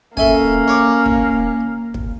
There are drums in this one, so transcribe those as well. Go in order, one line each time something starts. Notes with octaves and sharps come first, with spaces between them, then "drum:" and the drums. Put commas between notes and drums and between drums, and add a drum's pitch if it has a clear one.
A#3 C#4 A4 E5 G#5, drum: kick
C#5 D6
drum: kick
drum: kick